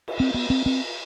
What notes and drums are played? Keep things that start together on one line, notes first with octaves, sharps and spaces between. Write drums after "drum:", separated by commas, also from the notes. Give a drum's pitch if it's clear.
drum: cymbal
C4
B3
C4
C4